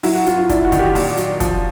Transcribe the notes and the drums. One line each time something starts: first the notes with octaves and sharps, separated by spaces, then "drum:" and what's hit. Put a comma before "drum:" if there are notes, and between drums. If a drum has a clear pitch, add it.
F#3 E4, drum: open hi-hat
F#4
F#3 F4, drum: hi-hat
F4
D4 E4, drum: kick, hi-hat
F#4
D#3, drum: kick, hi-hat
G4
A#2 F#4, drum: open hi-hat
F#3, drum: hi-hat
F3, drum: kick, hi-hat